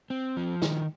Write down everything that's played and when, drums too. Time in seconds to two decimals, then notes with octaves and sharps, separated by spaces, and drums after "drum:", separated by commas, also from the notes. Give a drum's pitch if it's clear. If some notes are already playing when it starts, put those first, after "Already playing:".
0.10 C4
0.37 F3
0.62 D#3, drum: snare